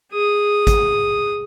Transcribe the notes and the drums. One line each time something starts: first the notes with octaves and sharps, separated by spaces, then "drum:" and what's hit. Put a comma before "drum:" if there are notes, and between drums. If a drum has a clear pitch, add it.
G#4 D#6
drum: kick G#1, hi-hat